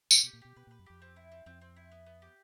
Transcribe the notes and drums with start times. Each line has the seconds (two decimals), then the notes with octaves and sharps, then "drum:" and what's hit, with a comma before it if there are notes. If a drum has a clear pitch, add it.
0.11 C3 G4, drum: tambourine
0.23 B2 G4
0.33 A#2
0.41 B2 G4
0.56 B2 B4
0.67 A#2 B4
0.79 F#2
0.86 F2 G4
1.02 C4
1.16 E4
1.32 C4
1.46 F2 C4
1.61 C4
1.76 E4
1.92 B3
2.06 B3
2.22 G4